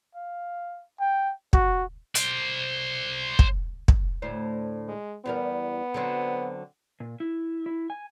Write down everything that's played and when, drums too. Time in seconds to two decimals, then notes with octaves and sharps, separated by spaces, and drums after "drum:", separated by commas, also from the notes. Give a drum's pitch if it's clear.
0.15 F5
1.00 G5
1.53 F#4, drum: kick
2.15 C5 D5, drum: hi-hat
3.39 drum: kick
3.88 drum: kick
4.22 D2 A2 C5
4.88 G#3
5.25 E2 G3 B3 A#4
5.94 D3 F#3 C4
7.00 A#2
7.20 E4
7.66 E4
7.90 G#5